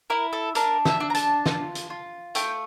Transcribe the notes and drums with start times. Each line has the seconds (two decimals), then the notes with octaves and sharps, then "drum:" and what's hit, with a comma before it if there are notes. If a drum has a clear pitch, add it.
0.10 E4 A#4
0.33 A4
0.55 D4 A#4, drum: hi-hat
0.85 E5, drum: snare
1.00 D4
1.10 A#5
1.15 A5, drum: hi-hat
1.46 F4, drum: snare
1.75 drum: hi-hat
1.90 F4
2.35 A3 G5, drum: hi-hat